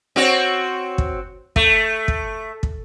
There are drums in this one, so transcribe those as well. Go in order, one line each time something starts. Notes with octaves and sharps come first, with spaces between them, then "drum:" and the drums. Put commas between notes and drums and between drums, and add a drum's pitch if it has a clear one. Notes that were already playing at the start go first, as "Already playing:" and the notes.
C4 F#4 C#5
drum: kick
A3, drum: kick
drum: kick
drum: kick